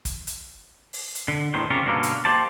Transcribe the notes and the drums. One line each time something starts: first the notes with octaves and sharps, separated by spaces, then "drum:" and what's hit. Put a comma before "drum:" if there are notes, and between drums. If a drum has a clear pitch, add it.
drum: kick, hi-hat
drum: hi-hat
drum: open hi-hat
drum: hi-hat
D3
E2 A2 D#3 C5
C#3 C4 C#4 F4 G4 A#4
G2 B2 D3 G3 A#3 C#4
drum: hi-hat
A#3 G4 C5 D5 A5